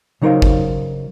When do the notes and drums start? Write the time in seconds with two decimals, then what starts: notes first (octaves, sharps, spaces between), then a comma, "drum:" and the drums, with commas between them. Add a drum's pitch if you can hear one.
0.22 C#3 F#3 D#4 A#4 C5 F5
0.42 drum: kick G1